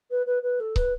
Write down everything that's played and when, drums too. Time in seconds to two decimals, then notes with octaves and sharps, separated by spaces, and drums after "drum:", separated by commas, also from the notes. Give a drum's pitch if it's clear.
0.11 B4
0.26 B4
0.43 B4
0.60 A4
0.76 B4, drum: kick